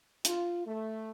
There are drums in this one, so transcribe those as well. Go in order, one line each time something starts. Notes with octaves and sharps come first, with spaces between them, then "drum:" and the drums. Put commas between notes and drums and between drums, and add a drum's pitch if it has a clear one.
F4, drum: hi-hat
A3